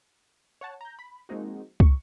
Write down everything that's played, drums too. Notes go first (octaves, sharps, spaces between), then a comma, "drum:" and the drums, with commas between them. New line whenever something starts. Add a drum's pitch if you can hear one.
C#5 F#5 A5
A#5 G6
B5
F3 G#3 A#3 C4 D#4 F#4
C#6, drum: kick